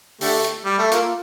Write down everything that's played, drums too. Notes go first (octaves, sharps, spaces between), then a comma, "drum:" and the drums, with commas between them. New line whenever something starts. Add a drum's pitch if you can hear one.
D3 A3 G4, drum: open hi-hat
drum: hi-hat
G3
A3
A#3 F4, drum: hi-hat